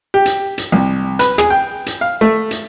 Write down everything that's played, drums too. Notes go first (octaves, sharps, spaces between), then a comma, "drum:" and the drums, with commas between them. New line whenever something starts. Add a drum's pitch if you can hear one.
G4
drum: hi-hat
drum: hi-hat
C2
B4, drum: hi-hat
G#4, drum: rim click
G5
drum: hi-hat
F5
A3
drum: hi-hat